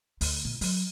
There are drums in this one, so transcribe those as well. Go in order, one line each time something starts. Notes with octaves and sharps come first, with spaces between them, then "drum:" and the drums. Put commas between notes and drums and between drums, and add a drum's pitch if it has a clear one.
D2, drum: open hi-hat
A#2
F#3, drum: open hi-hat